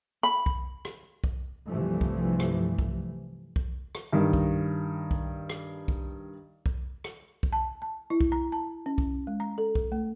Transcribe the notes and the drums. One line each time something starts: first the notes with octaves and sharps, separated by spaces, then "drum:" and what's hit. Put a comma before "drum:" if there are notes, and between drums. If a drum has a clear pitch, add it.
B5
drum: kick B1
drum: rim click
drum: kick B1
C2 G2 C3 E3 F3 A3
drum: kick B1
drum: rim click
drum: kick B1
drum: kick B1
drum: rim click
G2 D#3
drum: kick B1
drum: kick B1
drum: rim click
drum: kick B1
drum: kick B1
drum: rim click
drum: kick B1
A5
A5
E4
drum: kick B1
A#5
A5
C#4
drum: kick B1
G#3
A#5
A4
drum: kick B1
A3